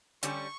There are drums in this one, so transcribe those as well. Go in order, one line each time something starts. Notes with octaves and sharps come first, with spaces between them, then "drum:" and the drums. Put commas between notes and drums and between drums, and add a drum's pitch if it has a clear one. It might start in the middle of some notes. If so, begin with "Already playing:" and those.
D3 G3 C#4 G4 C#6, drum: hi-hat